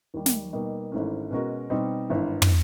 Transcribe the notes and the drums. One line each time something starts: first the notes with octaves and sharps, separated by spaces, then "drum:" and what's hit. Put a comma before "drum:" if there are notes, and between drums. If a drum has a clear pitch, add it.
D#2 D#3 G3
drum: snare
B2 G3 A#3 D#4
G#1 G#2 E3 A3 C#4
B2 G#3 C#4 F#4 A#4
B2 G3 C4 D#4
G#1 G2 E3
drum: tom